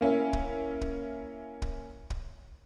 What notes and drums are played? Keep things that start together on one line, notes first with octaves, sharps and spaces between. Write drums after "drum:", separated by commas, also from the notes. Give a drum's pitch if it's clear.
A#3 C#4 E4 A#4
drum: kick
drum: kick
drum: kick
drum: kick